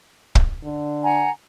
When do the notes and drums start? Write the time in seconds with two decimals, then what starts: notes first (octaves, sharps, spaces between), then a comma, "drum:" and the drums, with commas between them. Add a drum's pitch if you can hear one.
0.35 drum: kick
0.64 D3
1.03 F#5 G#5 A#5